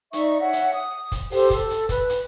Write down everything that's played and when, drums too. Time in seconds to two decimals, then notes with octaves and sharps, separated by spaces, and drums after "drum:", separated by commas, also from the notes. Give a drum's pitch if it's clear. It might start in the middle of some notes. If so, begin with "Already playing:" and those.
0.13 D#4 D5 E5 C#6, drum: hi-hat
0.38 C#5 E5 F#5
0.53 drum: hi-hat
0.73 D#6
1.12 drum: kick, hi-hat
1.31 G4 A4 C5, drum: open hi-hat
1.50 A4, drum: kick, hi-hat
1.70 drum: hi-hat
1.89 B4, drum: kick, hi-hat
2.10 drum: hi-hat